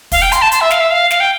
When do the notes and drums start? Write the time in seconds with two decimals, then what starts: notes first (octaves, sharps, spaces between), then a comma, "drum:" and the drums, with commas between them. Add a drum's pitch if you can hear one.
0.12 F5, drum: kick, open hi-hat
0.22 G5
0.32 C6, drum: hi-hat
0.42 A5
0.52 C6, drum: hi-hat
0.61 E5
0.71 F5, drum: snare
0.80 E5
0.91 F5
1.11 F5, drum: snare
1.20 G5